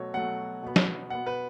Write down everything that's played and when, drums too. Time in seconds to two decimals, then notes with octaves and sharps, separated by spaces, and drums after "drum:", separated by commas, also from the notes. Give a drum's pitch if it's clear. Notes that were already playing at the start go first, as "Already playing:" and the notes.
Already playing: B2 F#3 A3 C#5
0.14 B2 F#3 A3 F#5
0.62 B2 B3
0.76 drum: snare
1.10 B2 B3 F#5
1.26 B4